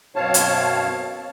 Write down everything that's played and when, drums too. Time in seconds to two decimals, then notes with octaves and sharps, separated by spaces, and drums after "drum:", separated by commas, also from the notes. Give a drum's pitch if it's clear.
0.16 F#2 B2 C4 C#5 F5 A5
0.34 drum: hi-hat